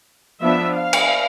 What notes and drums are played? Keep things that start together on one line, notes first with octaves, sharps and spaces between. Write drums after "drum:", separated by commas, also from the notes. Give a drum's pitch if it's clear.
F3 B3 D4 E5
F5
drum: cymbal